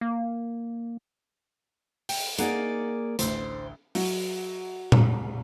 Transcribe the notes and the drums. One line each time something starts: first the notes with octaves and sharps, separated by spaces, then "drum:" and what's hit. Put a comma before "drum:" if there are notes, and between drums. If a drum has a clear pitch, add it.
A#3
G5, drum: open hi-hat
A#3 D#4 G#4 A#4 D5 F#5, drum: hi-hat
A1 D2 C5, drum: hi-hat
F#3, drum: open hi-hat
drum: tom A#2